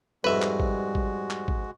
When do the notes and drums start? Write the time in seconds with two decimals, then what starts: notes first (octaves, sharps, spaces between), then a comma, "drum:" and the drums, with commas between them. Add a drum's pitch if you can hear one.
0.24 F2 G#2 G3 G#3 F#4 B4 E5
0.42 drum: clap
0.60 drum: kick
0.95 drum: kick
1.30 drum: clap
1.48 drum: kick